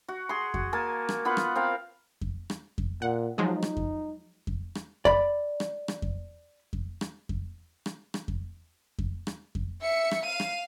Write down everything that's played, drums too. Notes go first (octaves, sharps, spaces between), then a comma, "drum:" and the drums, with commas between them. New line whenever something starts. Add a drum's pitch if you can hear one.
F#4
G#4 C6
F#4, drum: kick F2
A#3 G#5 A5
drum: rim click
B3 F4 B4 F#5
drum: rim click
C4 A#4 F5
drum: kick F2
drum: rim click
drum: kick F2
A#2 F#5
F3 F#3 G#3 D#4
drum: rim click
drum: kick F2
drum: kick F2
drum: rim click
D5 B5, drum: kick F2
drum: rim click
drum: rim click
drum: kick F2
drum: kick F2
drum: rim click
drum: kick F2
drum: rim click
drum: rim click
drum: kick F2
drum: kick F2
drum: rim click
drum: kick F2
E5 C#7
drum: rim click
F5 D#7
drum: rim click